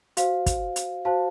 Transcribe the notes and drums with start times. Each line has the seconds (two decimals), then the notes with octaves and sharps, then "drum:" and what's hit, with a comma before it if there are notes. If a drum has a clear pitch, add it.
0.17 F#4 C5 F5, drum: hi-hat
0.46 drum: kick, hi-hat
0.76 drum: hi-hat
1.05 F#4 C5 F5 A5